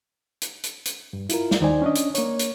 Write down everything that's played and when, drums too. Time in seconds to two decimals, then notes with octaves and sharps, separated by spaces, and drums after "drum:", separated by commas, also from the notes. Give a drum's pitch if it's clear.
0.42 drum: hi-hat
0.63 drum: hi-hat
0.85 drum: hi-hat
1.13 G2
1.29 E4 F4 A#4, drum: hi-hat
1.51 drum: snare
1.61 D#2 D#3 D#4 C5 D5 G#5
1.82 C#4 D4 D#5
1.95 drum: hi-hat
2.15 A#3 C#5, drum: hi-hat
2.39 drum: hi-hat